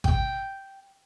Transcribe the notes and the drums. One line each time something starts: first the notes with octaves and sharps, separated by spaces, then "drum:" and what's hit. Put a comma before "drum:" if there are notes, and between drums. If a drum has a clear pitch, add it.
G5, drum: kick G#1